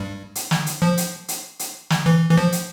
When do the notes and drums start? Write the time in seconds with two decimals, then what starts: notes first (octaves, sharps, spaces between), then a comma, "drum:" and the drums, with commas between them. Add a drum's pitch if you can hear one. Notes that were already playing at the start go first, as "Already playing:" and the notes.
Already playing: G2 G3
0.35 drum: hi-hat
0.51 drum: snare
0.66 drum: hi-hat
0.82 F3
0.97 drum: hi-hat
1.28 drum: hi-hat
1.59 drum: hi-hat
1.90 drum: snare
2.06 E3
2.30 E3
2.38 F3
2.52 drum: hi-hat